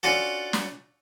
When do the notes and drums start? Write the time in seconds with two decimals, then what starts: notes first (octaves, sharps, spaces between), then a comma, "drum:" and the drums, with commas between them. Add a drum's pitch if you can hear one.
0.03 C#4 D4 F4 F#4 A4
0.53 drum: snare